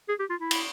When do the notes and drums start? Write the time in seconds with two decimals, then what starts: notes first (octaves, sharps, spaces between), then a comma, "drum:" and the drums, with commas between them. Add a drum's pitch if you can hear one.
0.09 G#4
0.20 G4
0.30 F4
0.40 E4
0.51 drum: cymbal